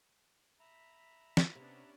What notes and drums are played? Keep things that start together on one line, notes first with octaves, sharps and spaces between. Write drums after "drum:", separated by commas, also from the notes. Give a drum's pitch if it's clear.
E5 A#5 B5
drum: snare
C3 B3 C#4 D4